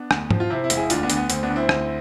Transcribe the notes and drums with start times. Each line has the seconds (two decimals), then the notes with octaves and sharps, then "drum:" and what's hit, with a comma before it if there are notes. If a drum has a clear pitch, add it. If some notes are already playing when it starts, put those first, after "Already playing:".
Already playing: B3 D4
0.11 D2, drum: rim click
0.31 F3, drum: tom G#2
0.40 F4
0.50 C3 C4 E4
0.63 C4 E4
0.70 E1, drum: hi-hat
0.77 E4 G#4
0.90 D2 D4 F4, drum: hi-hat
1.03 B3 D4
1.10 D2, drum: hi-hat
1.17 B3
1.30 D2 C4, drum: hi-hat
1.43 B3 D4
1.50 D2
1.56 C4 E4
1.69 D2, drum: rim click